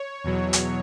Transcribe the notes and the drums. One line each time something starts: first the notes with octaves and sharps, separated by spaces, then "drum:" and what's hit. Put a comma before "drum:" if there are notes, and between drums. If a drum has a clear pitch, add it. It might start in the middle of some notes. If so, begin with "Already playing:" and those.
Already playing: C#5
E2 B2 F#3
drum: hi-hat